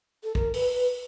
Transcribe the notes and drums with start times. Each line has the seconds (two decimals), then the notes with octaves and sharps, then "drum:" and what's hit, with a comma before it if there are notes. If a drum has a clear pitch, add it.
0.23 A4
0.35 A#4, drum: kick
0.54 B4, drum: open hi-hat
0.74 B4